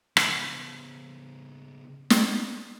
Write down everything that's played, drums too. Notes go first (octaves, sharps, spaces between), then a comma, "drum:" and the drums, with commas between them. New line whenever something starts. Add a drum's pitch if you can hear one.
C#3 B3, drum: rim click
drum: snare